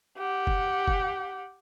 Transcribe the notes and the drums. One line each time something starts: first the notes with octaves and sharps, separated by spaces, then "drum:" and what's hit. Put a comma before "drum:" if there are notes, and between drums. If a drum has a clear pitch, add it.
G4 F#5
drum: kick F1
drum: kick F1